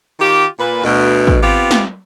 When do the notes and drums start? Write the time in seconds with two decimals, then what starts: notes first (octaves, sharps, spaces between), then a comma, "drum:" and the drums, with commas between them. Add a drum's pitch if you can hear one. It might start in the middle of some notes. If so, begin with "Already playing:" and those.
0.20 D#3 F4 G4
0.59 A#2 B4
0.84 D2 B2
1.27 drum: kick
1.42 B3 C4 F4 G4
1.71 drum: snare